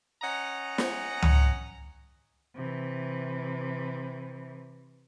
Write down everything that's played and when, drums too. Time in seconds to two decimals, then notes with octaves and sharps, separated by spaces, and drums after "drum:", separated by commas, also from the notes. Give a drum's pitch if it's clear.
0.22 C#4 D#5 F#5 A#5
0.78 drum: snare
1.22 drum: tom C#2
2.55 C3 E3